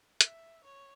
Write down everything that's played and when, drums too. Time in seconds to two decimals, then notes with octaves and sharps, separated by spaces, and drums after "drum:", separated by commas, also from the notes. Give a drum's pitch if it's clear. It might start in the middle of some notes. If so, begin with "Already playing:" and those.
0.21 E5, drum: hi-hat
0.64 C#5